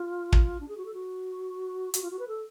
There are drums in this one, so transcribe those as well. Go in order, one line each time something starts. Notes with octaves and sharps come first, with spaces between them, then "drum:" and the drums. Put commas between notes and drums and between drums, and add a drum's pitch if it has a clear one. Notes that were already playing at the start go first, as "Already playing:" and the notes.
Already playing: F4
drum: kick
D4
G#4
F#4
A4
F#4
F#4, drum: hi-hat
F4
F#4
B4
A4